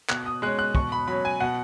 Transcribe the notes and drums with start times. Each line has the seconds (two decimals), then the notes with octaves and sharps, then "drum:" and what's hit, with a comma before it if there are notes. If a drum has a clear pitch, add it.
0.10 B2 F#6, drum: clap
0.26 D#6
0.42 G#3 C#4 F#6
0.59 F#6
0.75 B2 C#6, drum: kick
0.92 B5
1.07 F#3 C#4 B5
1.25 G#5
1.40 B2 F#5